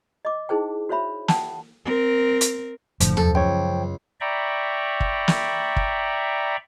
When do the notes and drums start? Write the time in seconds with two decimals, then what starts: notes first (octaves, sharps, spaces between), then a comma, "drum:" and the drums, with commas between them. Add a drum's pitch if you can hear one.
0.25 D#5 D6
0.49 D#4 E4 G#4 C5 G5
0.89 F#4 C5 C#5 E5 B5
1.28 F#5 G5 A5, drum: snare
1.85 C4 A#4
2.41 drum: hi-hat
3.00 F#1 A2 D3 F3, drum: hi-hat
3.17 F#2 A4, drum: tom D#2
3.35 C#2 C#5 G5
4.21 D5 E5 G5 A#5 B5 C#6
5.00 drum: kick
5.28 drum: snare
5.76 drum: kick